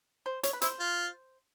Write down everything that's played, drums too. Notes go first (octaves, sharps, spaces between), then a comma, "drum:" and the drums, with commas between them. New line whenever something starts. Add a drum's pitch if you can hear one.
C5
C#5, drum: hi-hat
B4
E4 C5, drum: hi-hat
F4